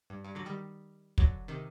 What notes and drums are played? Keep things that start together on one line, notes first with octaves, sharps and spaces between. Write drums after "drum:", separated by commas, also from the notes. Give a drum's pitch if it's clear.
G2
G2
D3 F#3
D#3 G3
D3 F#3, drum: kick
C3 D#3